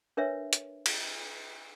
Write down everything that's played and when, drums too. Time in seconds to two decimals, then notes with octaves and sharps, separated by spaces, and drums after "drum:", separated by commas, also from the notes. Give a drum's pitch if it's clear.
0.17 D4 A#4 B4 C#5 E5
0.53 drum: hi-hat
0.86 drum: cymbal